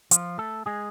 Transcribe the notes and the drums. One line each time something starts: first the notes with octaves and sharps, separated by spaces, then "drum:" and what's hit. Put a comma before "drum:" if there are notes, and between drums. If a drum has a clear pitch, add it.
F3 F4, drum: hi-hat
A3 A4
G#3 G#4